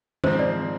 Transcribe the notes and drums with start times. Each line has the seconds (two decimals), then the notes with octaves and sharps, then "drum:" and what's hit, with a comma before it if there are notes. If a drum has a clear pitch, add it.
0.24 G#2 F3 C4 C5, drum: tom D#3
0.39 D5